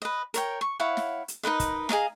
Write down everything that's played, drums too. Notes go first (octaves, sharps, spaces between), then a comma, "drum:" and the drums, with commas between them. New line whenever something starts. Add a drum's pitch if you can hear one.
B4 D#5
A#4 C#5 G5, drum: hi-hat
C#6
E4 C#5 F5 F#5
drum: snare
drum: hi-hat
D#4 A#4 B4 D#5
drum: kick, hi-hat
G#4 D#5 F5 A#5, drum: snare